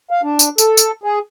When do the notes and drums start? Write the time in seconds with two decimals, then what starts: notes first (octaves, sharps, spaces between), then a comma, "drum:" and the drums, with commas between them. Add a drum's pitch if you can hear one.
0.11 F5
0.23 D4
0.39 drum: tambourine
0.58 A4, drum: tambourine
0.77 drum: tambourine
1.03 G#4